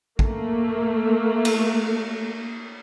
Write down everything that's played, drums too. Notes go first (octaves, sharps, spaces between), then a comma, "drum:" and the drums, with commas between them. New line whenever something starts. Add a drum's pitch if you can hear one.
A3 A#3, drum: kick A1
drum: cymbal